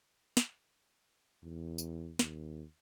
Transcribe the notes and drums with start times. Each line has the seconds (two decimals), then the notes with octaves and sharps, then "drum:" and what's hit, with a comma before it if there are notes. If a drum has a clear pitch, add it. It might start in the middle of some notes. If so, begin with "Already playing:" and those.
0.37 drum: snare
1.43 E2
1.78 drum: tambourine
2.19 D#2, drum: snare